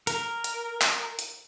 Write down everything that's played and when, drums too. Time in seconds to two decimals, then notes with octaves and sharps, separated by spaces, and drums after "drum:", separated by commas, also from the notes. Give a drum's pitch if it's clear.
0.07 A#4, drum: hi-hat
0.44 drum: hi-hat
0.82 drum: clap
1.19 drum: hi-hat